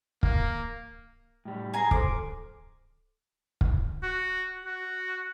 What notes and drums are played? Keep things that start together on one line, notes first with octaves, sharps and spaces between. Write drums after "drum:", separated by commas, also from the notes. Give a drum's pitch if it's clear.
A#3, drum: kick
A2 G3
G#4 G#5 A#5
A4 C5 D6, drum: kick
drum: kick
F#4
F#4